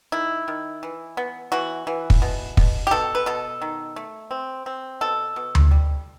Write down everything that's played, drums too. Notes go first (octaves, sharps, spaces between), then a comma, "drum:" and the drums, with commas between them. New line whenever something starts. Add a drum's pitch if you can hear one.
D#3 E4
D#3
E3
B3
E3 F#4
E3
drum: kick
B2
B2, drum: kick
G4
B2 A4
B4
B2 A4
D#3
A3
C4
C4
B2 A4
B2
drum: tom D2
G3